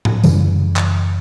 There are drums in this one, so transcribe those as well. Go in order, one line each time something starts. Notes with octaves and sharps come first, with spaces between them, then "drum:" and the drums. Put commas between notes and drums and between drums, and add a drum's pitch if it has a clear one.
drum: tom A2
F#2 C#3 E3 G3, drum: tambourine
drum: clap